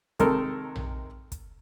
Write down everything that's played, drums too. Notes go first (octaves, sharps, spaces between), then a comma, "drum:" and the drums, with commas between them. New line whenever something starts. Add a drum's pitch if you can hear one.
C3 D#3 G#3 D#4 A4 A#4, drum: kick, hi-hat
drum: tom A#1
drum: kick, hi-hat